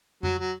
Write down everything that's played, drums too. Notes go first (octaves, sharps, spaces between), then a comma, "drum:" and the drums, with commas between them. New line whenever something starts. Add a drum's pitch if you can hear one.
F#3, drum: tom F2
F#3